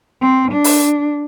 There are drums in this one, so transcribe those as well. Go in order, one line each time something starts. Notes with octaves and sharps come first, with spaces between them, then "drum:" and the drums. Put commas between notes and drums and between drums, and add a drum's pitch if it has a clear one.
C4
D4
drum: open hi-hat